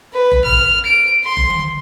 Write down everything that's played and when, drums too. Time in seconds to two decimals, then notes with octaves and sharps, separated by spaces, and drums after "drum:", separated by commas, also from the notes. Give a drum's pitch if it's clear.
0.13 B4
0.32 drum: kick F#1
0.45 F6, drum: tom
0.86 D7
1.24 C6
1.37 drum: kick F#1
1.50 drum: tom D3